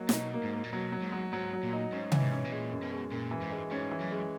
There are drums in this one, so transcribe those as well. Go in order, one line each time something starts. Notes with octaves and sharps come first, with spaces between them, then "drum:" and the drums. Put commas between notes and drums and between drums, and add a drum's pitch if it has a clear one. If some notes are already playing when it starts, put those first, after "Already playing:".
Already playing: F#3 A#3 D#4
A#2, drum: snare
B2 D#4
A#3
G#2
A#3
A#2
B2 F#3
F#3
G#2
F#3
G#2 F#3
F#3
A#2
D#4
G#2 C#4
E3, drum: tom C3
G#2
C#4
B2
A#2 G#3
F#2
B2
G#3
F#2 A#2
E3
G#2
G#3
G#2 C#4
E3
F#2
G#3